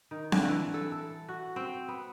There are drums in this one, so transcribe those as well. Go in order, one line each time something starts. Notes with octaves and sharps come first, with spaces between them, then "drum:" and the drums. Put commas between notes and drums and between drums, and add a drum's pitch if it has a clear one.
D#3
D3, drum: snare C4
E3
A4
A4
F#4
C4
B3